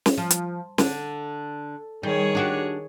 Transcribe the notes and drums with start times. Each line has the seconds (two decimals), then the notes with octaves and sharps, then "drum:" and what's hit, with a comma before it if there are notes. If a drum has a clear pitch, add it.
0.06 drum: snare
0.18 F3
0.31 drum: hi-hat
0.78 D3, drum: snare
2.03 D#3 G3 G#4 C#5
2.35 D4 F#4 G4